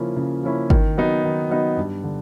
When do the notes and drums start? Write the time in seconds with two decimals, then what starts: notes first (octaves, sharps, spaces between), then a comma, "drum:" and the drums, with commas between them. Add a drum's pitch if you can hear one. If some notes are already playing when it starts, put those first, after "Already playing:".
Already playing: C#3 F3 A#3 C#4 E4
0.16 C#3
0.43 F3 A#3 C#4 E4
0.70 D#3, drum: kick G1
0.97 F#3 B3 D#4
1.24 D#3
1.50 F#3 B3 D#4
1.77 G2
2.04 D3